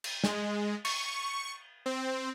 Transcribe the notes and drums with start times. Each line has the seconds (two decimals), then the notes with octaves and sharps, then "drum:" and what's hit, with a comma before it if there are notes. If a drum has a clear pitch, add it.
0.04 drum: cymbal
0.24 G#3, drum: snare
0.85 C#6, drum: cymbal
1.86 C4